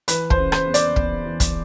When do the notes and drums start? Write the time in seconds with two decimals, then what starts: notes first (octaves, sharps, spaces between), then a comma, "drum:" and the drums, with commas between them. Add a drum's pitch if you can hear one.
0.08 E3 B4, drum: hi-hat
0.30 C5, drum: kick
0.38 C#3
0.52 C5, drum: rim click
0.67 E2
0.74 D5, drum: hi-hat
0.96 E2, drum: kick
1.25 E3
1.40 drum: kick, hi-hat